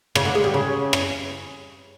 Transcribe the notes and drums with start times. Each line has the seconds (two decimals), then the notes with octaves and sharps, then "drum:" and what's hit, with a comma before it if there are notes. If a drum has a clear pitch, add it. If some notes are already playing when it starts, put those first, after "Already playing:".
0.15 C#3, drum: rim click
0.25 D3
0.35 G#3
0.44 G3
0.54 C#3
0.93 drum: rim click